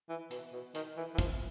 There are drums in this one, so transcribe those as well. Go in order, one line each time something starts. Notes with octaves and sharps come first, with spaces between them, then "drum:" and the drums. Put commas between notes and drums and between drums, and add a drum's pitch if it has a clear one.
E3
B2, drum: hi-hat
B2
D#3, drum: hi-hat
E3
E3
F3, drum: kick, hi-hat